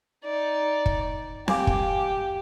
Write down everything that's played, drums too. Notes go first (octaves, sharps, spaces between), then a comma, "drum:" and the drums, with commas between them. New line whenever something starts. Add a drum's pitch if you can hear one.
D#4 D5
drum: kick
G4 F5 G#5 D6, drum: snare C4
drum: kick